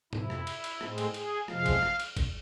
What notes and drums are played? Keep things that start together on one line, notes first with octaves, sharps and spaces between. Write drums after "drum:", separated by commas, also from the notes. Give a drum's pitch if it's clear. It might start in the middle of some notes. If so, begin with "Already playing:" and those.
F2 C3 F3 E4, drum: tom G#2
drum: rim click
drum: cymbal
drum: cymbal
A2 G#3 C4, drum: rim click
drum: cymbal
G#4, drum: cymbal
F2 C3 F3 G#3 F5, drum: rim click
drum: kick A1, cymbal
drum: rim click
drum: cymbal
drum: kick A1, cymbal